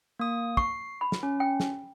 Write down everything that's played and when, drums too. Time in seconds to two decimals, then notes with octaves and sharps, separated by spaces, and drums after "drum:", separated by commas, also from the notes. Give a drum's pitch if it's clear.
0.19 A#3 D#6
0.57 C#6 C7, drum: kick
1.01 B5
1.12 drum: snare
1.23 C#4
1.40 G5
1.60 drum: snare